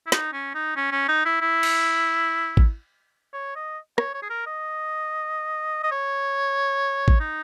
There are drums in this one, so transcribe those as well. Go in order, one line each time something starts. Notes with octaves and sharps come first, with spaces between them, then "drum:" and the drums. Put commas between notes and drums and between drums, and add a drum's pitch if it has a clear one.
E4
D#4, drum: snare
C#4
D#4
C#4
C#4
D#4
E4
E4
drum: cymbal
drum: kick
C#5
D#5
C#5, drum: rim click
C#5
G#4
A#4
D#5
D#5
C#5
drum: kick
D#4